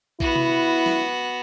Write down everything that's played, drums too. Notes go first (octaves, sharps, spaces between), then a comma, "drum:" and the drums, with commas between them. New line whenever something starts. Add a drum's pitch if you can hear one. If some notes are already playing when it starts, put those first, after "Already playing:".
B3 E4 F#4, drum: kick A#1
drum: tom C3
drum: snare